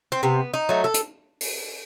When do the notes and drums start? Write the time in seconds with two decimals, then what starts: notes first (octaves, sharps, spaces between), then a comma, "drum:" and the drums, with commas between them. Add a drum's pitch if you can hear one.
0.12 C4
0.23 C3 B3
0.54 D#4
0.69 F#3 A3
0.84 A4
0.94 drum: hi-hat
1.41 drum: open hi-hat